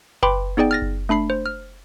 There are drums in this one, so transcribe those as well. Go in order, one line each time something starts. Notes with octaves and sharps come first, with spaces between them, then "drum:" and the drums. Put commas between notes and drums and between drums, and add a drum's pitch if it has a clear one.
B4 G5 B5 C6 D6, drum: kick F#1
B3 D#4 G#4 D5 G5
F6 A6 A#6
drum: kick F#1
A3 D4 B5 C7
C5
F6